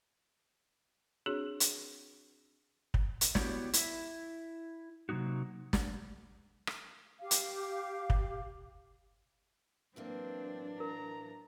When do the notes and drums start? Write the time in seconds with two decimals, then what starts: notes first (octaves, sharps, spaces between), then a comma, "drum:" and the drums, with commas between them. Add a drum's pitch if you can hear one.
1.26 C4 D4 F#4 G#4 C#5
1.60 drum: hi-hat
2.94 drum: kick
3.21 drum: hi-hat
3.35 B3 E4 F#4 G4 C#5 D5, drum: snare
3.73 E4 E5, drum: hi-hat
5.09 C3 F#3 A#3 D#4 F#4
5.73 drum: snare
6.67 drum: rim click
7.20 G4 F5
7.31 drum: hi-hat
8.10 drum: kick
9.96 A2 E3 F#3 A#3 C4 D4
10.80 A#4 A#5